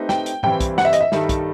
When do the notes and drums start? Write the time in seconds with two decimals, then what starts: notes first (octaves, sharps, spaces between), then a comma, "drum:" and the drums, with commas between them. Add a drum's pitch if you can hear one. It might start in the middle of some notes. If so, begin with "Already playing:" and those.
Already playing: A3 C4 D#4 G4 B4
0.09 G5, drum: snare
0.26 drum: hi-hat
0.43 G2 E3 G3 C4 E4 G5, drum: tom A2
0.60 drum: kick, hi-hat
0.78 F#5, drum: snare
0.85 E5
0.93 D#5, drum: hi-hat
1.01 E5
1.12 G2 D#3 G3 D#4 A4, drum: snare
1.29 drum: kick, hi-hat